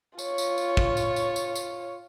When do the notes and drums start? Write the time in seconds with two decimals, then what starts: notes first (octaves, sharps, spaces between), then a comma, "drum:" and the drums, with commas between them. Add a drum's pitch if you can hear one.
0.19 F4 C#5, drum: tambourine
0.38 drum: tambourine
0.58 drum: tambourine
0.77 drum: kick
0.97 drum: tambourine
1.16 drum: tambourine
1.36 drum: tambourine
1.55 drum: tambourine